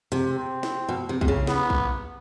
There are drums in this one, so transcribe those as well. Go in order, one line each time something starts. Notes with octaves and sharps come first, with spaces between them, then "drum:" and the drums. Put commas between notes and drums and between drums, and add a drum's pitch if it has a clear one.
C3, drum: hi-hat
C4
drum: snare
B2
C3
C3, drum: kick B1
C#3
B3, drum: snare
drum: kick B1